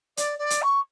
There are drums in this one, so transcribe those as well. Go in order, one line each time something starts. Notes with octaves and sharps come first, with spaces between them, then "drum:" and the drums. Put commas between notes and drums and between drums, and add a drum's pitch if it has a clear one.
D5, drum: hi-hat
D5
drum: hi-hat
C#6